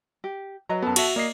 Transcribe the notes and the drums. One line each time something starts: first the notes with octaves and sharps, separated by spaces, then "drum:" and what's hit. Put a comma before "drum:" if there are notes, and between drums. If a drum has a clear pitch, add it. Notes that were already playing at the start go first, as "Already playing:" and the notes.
G4
F#3 B4 D#5 A#5
F#2 B3 A4 A5
F#4 E5, drum: cymbal
A#3 D5 D#5 C7